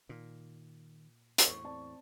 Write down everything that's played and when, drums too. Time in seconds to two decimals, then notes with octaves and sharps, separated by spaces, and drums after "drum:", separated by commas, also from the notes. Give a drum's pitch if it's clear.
0.09 A#2 D#3
1.38 drum: hi-hat
1.48 E2 A2 C#6
1.64 C4 D5 A5